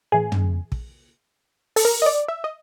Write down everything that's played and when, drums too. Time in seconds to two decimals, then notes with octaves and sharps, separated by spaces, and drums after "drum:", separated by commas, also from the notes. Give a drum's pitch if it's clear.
0.12 A2 E3 G#4
0.32 drum: tom
0.72 drum: kick
1.76 A4, drum: open hi-hat
1.85 A#4
2.02 D#5
2.06 D5
2.28 E5
2.44 D#5